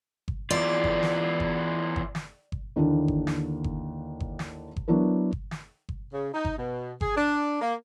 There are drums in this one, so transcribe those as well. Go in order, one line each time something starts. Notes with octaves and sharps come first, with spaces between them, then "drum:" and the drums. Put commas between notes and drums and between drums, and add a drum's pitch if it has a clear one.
drum: kick G1
E2 E3 F4 D5
drum: kick G1
drum: snare
drum: kick G1
drum: kick G1
drum: snare
drum: kick G1
D#2 D3 E3 A#3 D4
drum: kick G1
drum: snare
drum: kick G1
drum: kick G1
drum: snare
drum: kick G1
F#3 B3 D4 E4 A#4
drum: kick G1
drum: snare
drum: kick G1
C#3
D#4
drum: kick G1
B2
G#4, drum: kick G1
D4
A#3